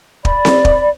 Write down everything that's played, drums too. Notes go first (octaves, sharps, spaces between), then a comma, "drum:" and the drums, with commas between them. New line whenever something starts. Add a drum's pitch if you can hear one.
D5 B5, drum: kick
drum: snare C4
drum: kick